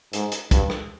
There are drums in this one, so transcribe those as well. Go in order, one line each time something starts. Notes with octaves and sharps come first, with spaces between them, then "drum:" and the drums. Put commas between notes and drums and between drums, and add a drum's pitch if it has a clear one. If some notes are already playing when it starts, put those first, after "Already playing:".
G#2, drum: hi-hat
drum: hi-hat
G2, drum: kick, hi-hat
drum: rim click